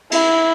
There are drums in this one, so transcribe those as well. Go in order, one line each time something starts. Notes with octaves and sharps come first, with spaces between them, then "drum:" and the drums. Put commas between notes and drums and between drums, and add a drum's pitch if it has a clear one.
E4, drum: cymbal